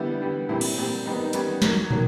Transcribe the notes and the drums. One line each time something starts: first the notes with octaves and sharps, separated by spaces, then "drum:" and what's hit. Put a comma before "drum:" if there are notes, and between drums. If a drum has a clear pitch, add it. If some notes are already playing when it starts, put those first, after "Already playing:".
Already playing: D3 G3 B3 E4
D3 G3 B3
A#2 G3 C4 E4
drum: cymbal
A#2 G3 C4
D#3 G3 B3 D#4
D#4
D#3 G3 B3 C#4, drum: hi-hat
D#3 F#3 A#3, drum: snare
D#3 F#3 A#3, drum: tom